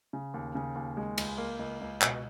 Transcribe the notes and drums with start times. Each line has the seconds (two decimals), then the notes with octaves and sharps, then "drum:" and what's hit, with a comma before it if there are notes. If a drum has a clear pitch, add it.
0.13 C#3
0.34 D#2
0.55 C#3
0.76 D#2
0.97 G#3
1.18 C#2, drum: cymbal
1.38 A#3
1.59 C#2
1.81 C#2
2.01 B2, drum: clap